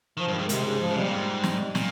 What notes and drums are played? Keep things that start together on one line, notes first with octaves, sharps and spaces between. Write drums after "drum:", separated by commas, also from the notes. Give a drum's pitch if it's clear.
D#3 F3
G2
D#3
G#2
G#2 C3, drum: hi-hat
C#3
F3
C#3
C3 G3
A#2
G#2
drum: snare
A#2, drum: snare